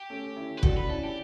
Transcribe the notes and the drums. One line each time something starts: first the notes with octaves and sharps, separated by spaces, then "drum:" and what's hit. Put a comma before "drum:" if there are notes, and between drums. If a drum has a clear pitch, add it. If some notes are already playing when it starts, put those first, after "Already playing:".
Already playing: G4
A3 C#4
C#4 E4
B4
D4 F#4 A4, drum: kick
B4
D4
C#4 E4 A4
G4